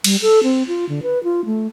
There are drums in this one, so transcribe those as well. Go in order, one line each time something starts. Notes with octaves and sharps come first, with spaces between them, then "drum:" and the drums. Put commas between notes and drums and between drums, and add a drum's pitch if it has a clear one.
G3, drum: cymbal
A4
C4
F4
D3
B4
F4
A3